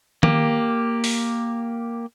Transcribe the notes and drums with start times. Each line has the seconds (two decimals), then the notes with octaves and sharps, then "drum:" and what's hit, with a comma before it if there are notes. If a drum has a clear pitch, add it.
0.23 A#3 G4, drum: tom D#3
1.04 drum: open hi-hat